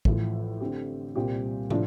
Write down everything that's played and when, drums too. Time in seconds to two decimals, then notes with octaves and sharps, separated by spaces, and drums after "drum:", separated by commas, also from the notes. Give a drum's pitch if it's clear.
0.05 A1 A2 F3, drum: kick
0.60 D3 A3 C4 G4
1.16 C2 A#2 G3 C4 G4
1.70 A2 F3 D4, drum: tom